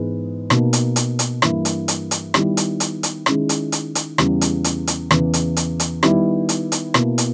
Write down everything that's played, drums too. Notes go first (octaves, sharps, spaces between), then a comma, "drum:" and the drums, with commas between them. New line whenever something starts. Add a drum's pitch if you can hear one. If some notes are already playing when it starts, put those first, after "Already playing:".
Already playing: G#2 E3 G#3 B3
B2 A#3 D#4, drum: rim click
drum: hi-hat
drum: hi-hat
drum: hi-hat
G2 E3 A#3 E4, drum: rim click
drum: hi-hat
drum: hi-hat
drum: hi-hat
D#3 G3 B3 E4, drum: rim click
drum: hi-hat
drum: hi-hat
drum: hi-hat
D#3 G#3 C#4 E4, drum: rim click
drum: hi-hat
drum: hi-hat
drum: hi-hat
E2 C#3 G3, drum: rim click
drum: hi-hat
drum: hi-hat
drum: hi-hat
E2 C#3 E3, drum: rim click
drum: hi-hat
drum: hi-hat
drum: hi-hat
D#3 G3 B3 E4, drum: rim click
drum: hi-hat
drum: hi-hat
B2 A#3 E4, drum: rim click
drum: hi-hat